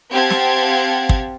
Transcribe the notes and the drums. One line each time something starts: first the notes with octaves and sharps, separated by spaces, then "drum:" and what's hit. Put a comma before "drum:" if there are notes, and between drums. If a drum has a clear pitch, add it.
C4 G4 F5 F#5 A5 G#6
drum: snare
drum: kick